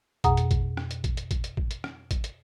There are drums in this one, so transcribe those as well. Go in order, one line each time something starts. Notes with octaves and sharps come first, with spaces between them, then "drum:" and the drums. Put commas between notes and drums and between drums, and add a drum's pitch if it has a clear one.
F2 B2 G#4 F#5 A#5 D#6, drum: kick, hi-hat
drum: hi-hat
drum: kick, hi-hat
drum: rim click
drum: hi-hat
drum: kick, hi-hat
drum: hi-hat
drum: kick, hi-hat
drum: hi-hat
drum: kick
drum: hi-hat
drum: rim click
drum: kick, hi-hat
drum: hi-hat